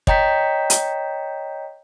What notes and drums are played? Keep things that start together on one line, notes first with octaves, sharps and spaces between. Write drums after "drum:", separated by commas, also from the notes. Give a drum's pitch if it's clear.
C#5 D#5 G5 A#5 G6 B6, drum: kick
drum: hi-hat